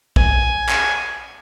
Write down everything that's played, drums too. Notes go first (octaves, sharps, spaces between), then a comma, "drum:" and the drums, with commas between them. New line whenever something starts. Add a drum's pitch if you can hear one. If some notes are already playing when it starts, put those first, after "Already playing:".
G#5, drum: kick A#1
drum: clap